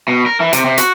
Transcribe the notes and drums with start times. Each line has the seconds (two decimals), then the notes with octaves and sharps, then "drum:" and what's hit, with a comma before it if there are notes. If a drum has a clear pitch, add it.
0.08 B2
0.26 A#4
0.40 E3
0.53 C3, drum: hi-hat
0.66 C3
0.78 F#4, drum: hi-hat